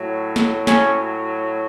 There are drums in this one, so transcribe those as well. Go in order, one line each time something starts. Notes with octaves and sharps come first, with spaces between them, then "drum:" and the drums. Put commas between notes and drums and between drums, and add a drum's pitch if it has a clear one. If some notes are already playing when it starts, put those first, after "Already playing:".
Already playing: A2 F#3
drum: snare
C#4, drum: snare